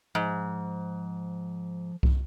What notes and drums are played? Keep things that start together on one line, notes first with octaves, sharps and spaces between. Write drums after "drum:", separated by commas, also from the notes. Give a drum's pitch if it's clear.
G#2 F3
drum: kick C2